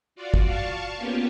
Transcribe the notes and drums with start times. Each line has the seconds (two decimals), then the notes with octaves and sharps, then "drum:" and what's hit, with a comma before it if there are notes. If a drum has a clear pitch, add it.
0.15 F4 F#4 D5
0.34 drum: kick
0.45 F5 A5 C#6
0.97 A#3 B3 C#4 F4 G4